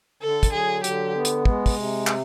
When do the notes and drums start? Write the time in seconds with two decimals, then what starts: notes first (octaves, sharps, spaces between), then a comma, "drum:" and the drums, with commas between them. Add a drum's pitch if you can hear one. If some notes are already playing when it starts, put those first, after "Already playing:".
0.22 D3 A4
0.43 drum: kick, hi-hat
0.53 F#3 G#4
0.84 D3 G4, drum: hi-hat
1.15 B3
1.25 drum: hi-hat
1.45 G#3, drum: kick
1.66 drum: kick, open hi-hat
1.76 C3
2.07 drum: clap